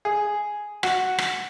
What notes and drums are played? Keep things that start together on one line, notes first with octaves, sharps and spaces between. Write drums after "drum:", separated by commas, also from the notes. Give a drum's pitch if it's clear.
G#4
F#4, drum: rim click
drum: rim click